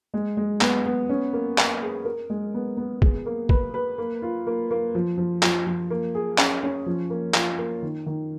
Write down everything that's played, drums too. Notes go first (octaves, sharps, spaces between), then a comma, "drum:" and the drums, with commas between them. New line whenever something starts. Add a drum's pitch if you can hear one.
G#3
G#3
B3, drum: clap
B3
C#4
A#3
A#3, drum: clap
G#4
A#4
G#3
B3
B3
G#4, drum: kick
A#3
B4, drum: kick
B4
A#3
F4
A#3
A#3
F3
F3
F3, drum: clap
F3
A#3
G#4
C#4, drum: clap
C#4
F3
A#3
F4, drum: clap
A#3
D#3
D#3